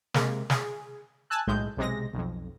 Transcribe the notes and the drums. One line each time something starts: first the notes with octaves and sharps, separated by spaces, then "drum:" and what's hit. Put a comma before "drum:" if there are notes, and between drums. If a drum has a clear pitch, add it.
C3 G#3 A#3, drum: snare
G#4, drum: snare
G#5 A5 E6 F#6
B1 A2 G#3 G6
B1 C3 G#3 A#6
B1 F2